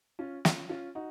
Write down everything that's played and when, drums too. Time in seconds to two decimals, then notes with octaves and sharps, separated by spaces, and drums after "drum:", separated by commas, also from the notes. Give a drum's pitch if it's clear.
0.19 C#4 F4
0.45 C#4 F4, drum: snare
0.69 C#4 F4
0.95 D#4 F#4